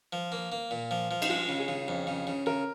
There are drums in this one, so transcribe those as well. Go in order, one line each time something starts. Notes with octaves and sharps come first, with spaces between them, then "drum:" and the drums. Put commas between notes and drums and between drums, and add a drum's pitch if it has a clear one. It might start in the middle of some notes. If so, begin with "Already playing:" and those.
F3
A#3
A#3
A#2
F3
F3
D#4, drum: cymbal
G#3 F4
C#3
G#4
C#3
F2
C#3
C#3
C#3 A#4